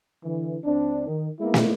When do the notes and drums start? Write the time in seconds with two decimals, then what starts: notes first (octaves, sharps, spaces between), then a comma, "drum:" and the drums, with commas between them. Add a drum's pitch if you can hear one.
0.24 D3 E3
0.64 C#2 C4 D4
1.07 D#3
1.40 G#3 A#3 B3 D#4 E4
1.54 drum: snare